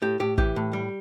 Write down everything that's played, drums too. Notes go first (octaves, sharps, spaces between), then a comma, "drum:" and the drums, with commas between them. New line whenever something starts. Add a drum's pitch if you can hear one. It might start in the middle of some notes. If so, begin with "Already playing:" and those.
A2 G4
A2 G4
E3 G4, drum: kick
A2
G3